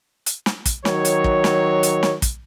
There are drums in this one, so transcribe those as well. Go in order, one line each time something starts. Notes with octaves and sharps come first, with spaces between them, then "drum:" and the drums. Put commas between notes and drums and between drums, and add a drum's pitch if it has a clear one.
drum: hi-hat
drum: snare
drum: kick, hi-hat
D#3 F#3 C#5, drum: snare
drum: hi-hat
drum: kick
drum: snare
drum: hi-hat
drum: snare
drum: kick, hi-hat